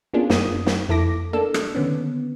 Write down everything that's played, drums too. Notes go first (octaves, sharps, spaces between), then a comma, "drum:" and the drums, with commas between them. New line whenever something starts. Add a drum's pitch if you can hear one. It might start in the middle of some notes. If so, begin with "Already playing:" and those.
A#3 B3 C#4 D4 F4 G#4
F#2 A#3 D#6, drum: snare
drum: snare
F2 E4 A4 D6 A#6
A#3 D4 A4 E6
drum: rim click
D3 D#3 B3 C#4